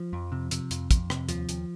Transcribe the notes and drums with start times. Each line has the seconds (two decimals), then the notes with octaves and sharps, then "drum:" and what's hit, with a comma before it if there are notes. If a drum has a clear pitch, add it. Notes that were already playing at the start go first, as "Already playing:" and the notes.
Already playing: F3
0.13 F2
0.32 C3
0.51 C3, drum: hi-hat
0.71 F2, drum: hi-hat
0.91 F2, drum: kick, hi-hat
1.10 C3, drum: rim click
1.29 D#2 F3, drum: hi-hat
1.49 D#2, drum: hi-hat